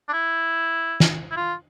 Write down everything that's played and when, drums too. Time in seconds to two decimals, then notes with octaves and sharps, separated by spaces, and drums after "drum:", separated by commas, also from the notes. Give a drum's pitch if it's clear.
0.09 D4
0.13 E4
1.00 drum: snare
1.31 E4
1.36 F4